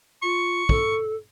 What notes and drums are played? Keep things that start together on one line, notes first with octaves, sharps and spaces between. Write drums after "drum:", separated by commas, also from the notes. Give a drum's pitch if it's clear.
F4 C#6
A4, drum: kick